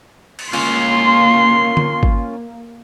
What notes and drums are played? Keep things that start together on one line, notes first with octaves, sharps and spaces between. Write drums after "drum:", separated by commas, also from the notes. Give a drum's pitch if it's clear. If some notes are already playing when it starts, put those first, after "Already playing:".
drum: cymbal
A#3 C#4 F4 C6, drum: cymbal
drum: tom D3
drum: kick G#1